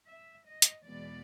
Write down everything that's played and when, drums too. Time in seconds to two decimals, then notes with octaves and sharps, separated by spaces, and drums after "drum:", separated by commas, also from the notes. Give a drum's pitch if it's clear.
0.08 E5
0.46 D#5
0.62 drum: hi-hat
0.84 E2 B2 G#3 B3 D5